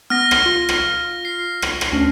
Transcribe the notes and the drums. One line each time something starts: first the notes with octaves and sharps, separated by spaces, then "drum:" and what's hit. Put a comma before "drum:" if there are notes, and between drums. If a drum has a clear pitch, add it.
B3 F6 A#6
drum: rim click
F4
drum: rim click
C7
drum: rim click
drum: rim click
D2 C#4 D4